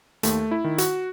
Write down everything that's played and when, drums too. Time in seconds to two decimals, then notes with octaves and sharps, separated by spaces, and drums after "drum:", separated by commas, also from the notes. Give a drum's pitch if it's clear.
0.23 D#2 A3, drum: hi-hat
0.51 E4
0.64 D#3
0.78 F#4, drum: hi-hat